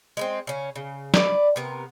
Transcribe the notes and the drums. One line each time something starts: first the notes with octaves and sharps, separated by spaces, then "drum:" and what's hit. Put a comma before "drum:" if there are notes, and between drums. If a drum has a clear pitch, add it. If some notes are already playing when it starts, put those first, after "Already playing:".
G#3 B3 C4
C#3 C#4
C#3
B4 D5, drum: snare
C3 B3 A#4